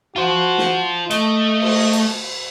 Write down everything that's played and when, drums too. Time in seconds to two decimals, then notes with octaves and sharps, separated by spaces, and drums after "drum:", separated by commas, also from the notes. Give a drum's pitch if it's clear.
0.16 F4 F#4 C5
0.58 drum: snare
1.10 A3 D#5, drum: hi-hat
1.62 drum: cymbal
1.93 drum: hi-hat